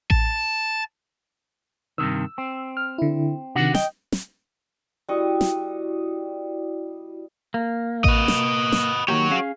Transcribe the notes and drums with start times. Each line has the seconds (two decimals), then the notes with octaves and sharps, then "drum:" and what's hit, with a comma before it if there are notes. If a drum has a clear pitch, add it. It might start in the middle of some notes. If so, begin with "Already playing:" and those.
0.10 A5, drum: kick A1
1.98 G2 C3 D#3 E6
2.38 C4
2.77 F6
2.98 D3 E4
3.56 C3 D#3 D4 F#4 F#5
3.75 D#5 G5, drum: snare
4.12 drum: snare
5.09 G3 E4 F#4 D#5 C#6
5.41 drum: snare
7.54 A#3
8.04 B4 D#5, drum: kick A1
8.28 drum: snare
8.72 drum: snare
9.08 D#3 A#3 F#4 G4 C#5
9.31 C#4 G#4 F5